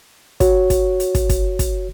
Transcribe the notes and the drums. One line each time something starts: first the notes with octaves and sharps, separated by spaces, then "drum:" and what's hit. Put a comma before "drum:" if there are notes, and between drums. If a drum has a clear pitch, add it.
F#4 C#5, drum: kick, hi-hat
drum: kick, hi-hat
drum: hi-hat
drum: kick, hi-hat
drum: kick, hi-hat
drum: kick, hi-hat